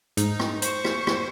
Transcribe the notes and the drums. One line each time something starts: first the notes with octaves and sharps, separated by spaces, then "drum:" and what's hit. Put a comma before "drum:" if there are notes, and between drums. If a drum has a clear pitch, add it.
G#2 D#4, drum: hi-hat
drum: rim click
C5 C#6, drum: hi-hat
drum: rim click
drum: rim click